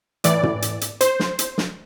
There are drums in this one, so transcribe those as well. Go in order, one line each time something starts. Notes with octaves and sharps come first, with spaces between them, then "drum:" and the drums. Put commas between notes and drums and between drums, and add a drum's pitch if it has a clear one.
A2 E3 D5, drum: hi-hat
drum: tom
drum: hi-hat
drum: hi-hat
C5, drum: hi-hat
drum: snare
drum: hi-hat
drum: snare